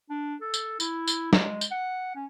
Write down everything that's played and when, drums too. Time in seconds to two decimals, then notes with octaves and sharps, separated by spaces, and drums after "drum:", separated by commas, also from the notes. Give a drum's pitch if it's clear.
0.10 D4
0.41 A4
0.54 drum: tambourine
0.80 E4, drum: tambourine
1.08 drum: tambourine
1.33 G#3, drum: snare
1.61 drum: tambourine
1.71 F#5
2.15 C#4